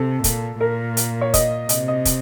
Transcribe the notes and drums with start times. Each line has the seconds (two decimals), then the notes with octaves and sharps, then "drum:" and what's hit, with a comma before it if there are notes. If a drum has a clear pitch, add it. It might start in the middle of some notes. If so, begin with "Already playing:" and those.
Already playing: C3 A4
0.24 A#2, drum: kick, hi-hat
0.60 A#2 A#4
0.97 drum: hi-hat
1.21 C#5
1.34 D#5, drum: kick, hi-hat
1.69 C3 D#5, drum: hi-hat
1.88 D#5
2.05 drum: kick, hi-hat